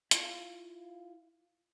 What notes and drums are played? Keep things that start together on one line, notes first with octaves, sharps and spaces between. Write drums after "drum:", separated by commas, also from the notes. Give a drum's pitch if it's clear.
E4 F4 F5, drum: hi-hat